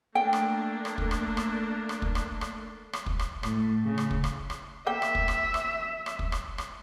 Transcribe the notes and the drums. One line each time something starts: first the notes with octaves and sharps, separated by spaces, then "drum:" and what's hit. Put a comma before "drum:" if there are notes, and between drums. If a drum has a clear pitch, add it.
A3 A#3 D4 G5
drum: rim click
drum: rim click
drum: kick
drum: rim click
drum: rim click
drum: rim click
drum: kick
drum: rim click
drum: rim click
drum: rim click
drum: kick
drum: rim click
A2, drum: rim click
C#3
drum: rim click
drum: kick
drum: rim click
drum: rim click
A#3 E5 G5
drum: rim click
drum: kick
drum: rim click
drum: rim click
drum: rim click
drum: kick
drum: rim click
drum: rim click